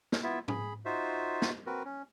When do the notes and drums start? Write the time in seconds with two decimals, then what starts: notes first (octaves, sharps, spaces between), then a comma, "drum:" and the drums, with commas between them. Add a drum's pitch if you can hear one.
0.12 drum: snare
0.23 B3 E4 F4 E5
0.48 G#4 B5, drum: tom G#2
0.85 D#4 F4 F#4 C5 E5
1.42 drum: snare
1.66 C4 F#4 A#4 B4
1.85 C#4